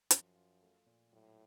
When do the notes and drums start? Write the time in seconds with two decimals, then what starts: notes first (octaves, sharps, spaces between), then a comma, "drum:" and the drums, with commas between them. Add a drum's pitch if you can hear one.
0.11 F#2 F3, drum: hi-hat
0.36 F4
0.62 A3
0.86 A#2
1.12 A2 F#3